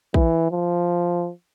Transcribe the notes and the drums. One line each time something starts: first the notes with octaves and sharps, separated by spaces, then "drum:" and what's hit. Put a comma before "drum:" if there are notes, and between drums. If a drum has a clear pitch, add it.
E3, drum: kick
F3